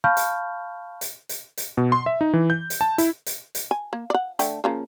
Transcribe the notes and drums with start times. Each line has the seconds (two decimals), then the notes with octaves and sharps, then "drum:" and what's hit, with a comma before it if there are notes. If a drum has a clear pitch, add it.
0.04 F5 A5 B5 C#6 F6 G6
0.17 drum: hi-hat
1.01 drum: hi-hat
1.29 drum: hi-hat
1.57 drum: hi-hat
1.77 B2
1.92 C6
2.06 E5
2.21 D#4
2.33 E3
2.50 G6
2.70 drum: hi-hat
2.81 A5
2.98 E4, drum: hi-hat
3.26 drum: hi-hat
3.55 drum: hi-hat
3.71 G#5
3.93 A#3
4.10 D5 F#5
4.39 D3 A3 G5, drum: hi-hat
4.64 C#3 F3 A#3